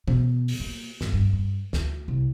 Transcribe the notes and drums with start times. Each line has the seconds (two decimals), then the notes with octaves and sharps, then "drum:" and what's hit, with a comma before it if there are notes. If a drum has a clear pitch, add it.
0.08 B2, drum: tom E3
0.48 drum: open hi-hat
0.60 A#3
1.01 G1, drum: snare
1.13 G2
1.33 G2
1.73 D2, drum: snare
2.08 C2